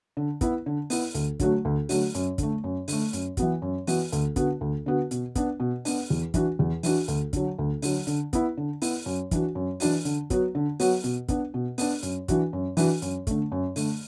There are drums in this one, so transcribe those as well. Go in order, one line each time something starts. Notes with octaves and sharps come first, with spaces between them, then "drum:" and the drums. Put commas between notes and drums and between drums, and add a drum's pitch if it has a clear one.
D3
B3 E4, drum: kick, hi-hat
D3
B3 E4, drum: open hi-hat
D2, drum: hi-hat
D3 F#3 A3 F#4, drum: kick, hi-hat
D2
D3 F#3 A3 F#4, drum: open hi-hat
F#2, drum: hi-hat
D3 A3, drum: kick, hi-hat
F#2
D3 A3, drum: open hi-hat
F#2, drum: hi-hat
E3 B3 F#4, drum: kick, hi-hat
F#2
E3 B3 F#4, drum: open hi-hat
D2, drum: hi-hat
D3 B3 F#4, drum: kick, hi-hat
D2
D3 B3 F#4
B2, drum: hi-hat
B3 D4, drum: kick, hi-hat
B2
B3 D4, drum: open hi-hat
E2
E3 D4 F#4, drum: kick, hi-hat
E2
E3 D4 F#4, drum: open hi-hat
D2, drum: hi-hat
D3 F#3, drum: kick, hi-hat
D2
D3 F#3, drum: open hi-hat
D3, drum: hi-hat
B3 E4, drum: kick, hi-hat
D3
B3 E4, drum: open hi-hat
F#2
E3 D4 F#4, drum: kick, hi-hat
F#2
E3 D4 F#4, drum: open hi-hat
D3, drum: hi-hat
F#3 B3 F#4, drum: kick, hi-hat
D3
F#3 B3 F#4, drum: open hi-hat
B2, drum: hi-hat
B3 D4, drum: kick, hi-hat
B2
B3 D4, drum: open hi-hat
F#2, drum: hi-hat
E3 D4 F#4, drum: kick, hi-hat
F#2
E3 D4 F#4, drum: open hi-hat
F#2, drum: hi-hat
D3 A3, drum: kick, hi-hat
F#2
D3 A3, drum: open hi-hat